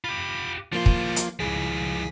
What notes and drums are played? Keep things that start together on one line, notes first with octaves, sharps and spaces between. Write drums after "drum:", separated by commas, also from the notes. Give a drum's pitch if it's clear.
F4 G4 B5
F3 G3 A#3 F4 C6
drum: kick
drum: hi-hat
C#2 F3 E4 G#4 B6